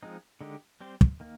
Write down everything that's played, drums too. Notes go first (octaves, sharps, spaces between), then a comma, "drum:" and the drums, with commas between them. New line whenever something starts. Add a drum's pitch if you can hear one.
F3 G#3 C4 D#4
D3 G#3 D#4 G4
G3 C4 G4 C5
drum: kick
D#3 A#3